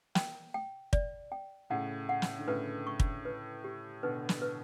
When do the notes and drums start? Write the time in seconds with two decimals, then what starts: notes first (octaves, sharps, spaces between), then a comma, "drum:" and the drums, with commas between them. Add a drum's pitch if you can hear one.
0.15 G5, drum: snare
0.54 G5
0.93 D5, drum: kick
1.32 G5
1.70 A2 C#3 F#5
2.09 F#5
2.22 drum: snare
2.39 D3
2.48 A2 C#3 B4
2.87 C#6
3.00 drum: kick
3.25 B4
3.64 G4
4.03 B2 D3 B4
4.29 drum: snare
4.42 B4